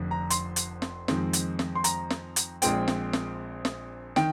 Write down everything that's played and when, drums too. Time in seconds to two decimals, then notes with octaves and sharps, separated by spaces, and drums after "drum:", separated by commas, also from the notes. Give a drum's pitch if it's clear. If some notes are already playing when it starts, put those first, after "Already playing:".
Already playing: F1 F2 D3
0.11 A#5
0.30 C6, drum: hi-hat
0.56 drum: hi-hat
0.82 drum: snare
1.08 F2 D#3 G#3 C4, drum: snare
1.33 drum: hi-hat
1.59 drum: snare
1.75 C6
1.84 A#5, drum: hi-hat
2.10 drum: snare
2.36 drum: hi-hat
2.62 A#1 A#2 G#3 C4 G5, drum: hi-hat
2.88 drum: snare
3.13 drum: snare
3.65 drum: snare
4.16 D#3 G5, drum: snare